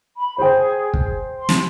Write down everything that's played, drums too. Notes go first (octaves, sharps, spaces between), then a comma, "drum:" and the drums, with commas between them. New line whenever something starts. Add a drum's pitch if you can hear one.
B5
G#4 C5 G5
drum: kick
C6
drum: snare